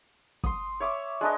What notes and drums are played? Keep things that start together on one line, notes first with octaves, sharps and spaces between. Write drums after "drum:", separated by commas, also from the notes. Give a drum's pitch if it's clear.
C6 D#6, drum: kick
C#5 E5 D6
G#3 D4 B4 D#5